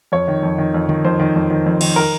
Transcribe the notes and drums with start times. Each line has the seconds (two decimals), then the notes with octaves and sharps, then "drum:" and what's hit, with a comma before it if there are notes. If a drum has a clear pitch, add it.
0.12 F2 C#5
0.28 D#3
0.43 F2
0.58 D#3
0.74 F2
0.89 D#3, drum: tom D3
1.05 F2 C5
1.20 D#3
1.36 F2
1.50 D#3
1.66 F2
1.81 D#3, drum: cymbal
1.96 A#4